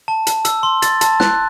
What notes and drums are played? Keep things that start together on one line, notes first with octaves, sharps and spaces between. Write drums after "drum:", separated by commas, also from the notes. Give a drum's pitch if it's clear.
A5
A5, drum: hi-hat
E6, drum: hi-hat
C6
A6, drum: hi-hat
A5, drum: hi-hat
F#6, drum: snare